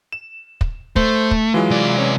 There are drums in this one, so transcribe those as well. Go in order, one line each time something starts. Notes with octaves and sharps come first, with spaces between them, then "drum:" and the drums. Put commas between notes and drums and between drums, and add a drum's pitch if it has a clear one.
E7
drum: kick
A3 C5, drum: kick
drum: kick
E3 F#3 G#3 F4
C3 D5
C#4